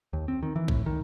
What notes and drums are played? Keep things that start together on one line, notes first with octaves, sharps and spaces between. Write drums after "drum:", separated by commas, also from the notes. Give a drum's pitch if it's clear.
D#2
C4
D#3
E3
A2, drum: kick A#1
D#3